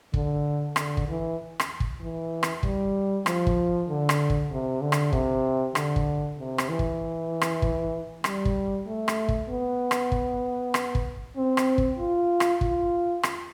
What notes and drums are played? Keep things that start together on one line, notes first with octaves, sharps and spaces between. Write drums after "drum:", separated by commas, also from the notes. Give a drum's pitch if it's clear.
D3, drum: kick
D3, drum: rim click
drum: kick
E3
drum: rim click
drum: kick
E3
drum: rim click
G3, drum: kick
F3, drum: rim click
drum: kick
D3
drum: rim click
drum: kick
C3
D3
drum: rim click
C3, drum: kick
D3, drum: rim click
drum: kick
C3
drum: rim click
E3
drum: kick
drum: rim click
drum: kick
G3, drum: rim click
drum: kick
A3
drum: rim click
drum: kick
B3
drum: rim click
drum: kick
drum: rim click
drum: kick
C4
drum: rim click
drum: kick
F4
drum: rim click
F4, drum: kick
drum: rim click